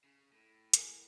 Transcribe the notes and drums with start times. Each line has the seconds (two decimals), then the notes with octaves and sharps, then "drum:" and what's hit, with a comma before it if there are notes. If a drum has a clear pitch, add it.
0.04 C#3
0.32 A2
0.74 G#4 A#4, drum: hi-hat